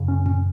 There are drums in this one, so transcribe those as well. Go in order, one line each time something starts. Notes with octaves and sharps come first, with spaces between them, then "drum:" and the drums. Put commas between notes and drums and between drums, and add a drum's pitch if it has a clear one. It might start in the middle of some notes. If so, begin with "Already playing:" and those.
Already playing: F#2 C#3
C#4
C#4, drum: tom G#2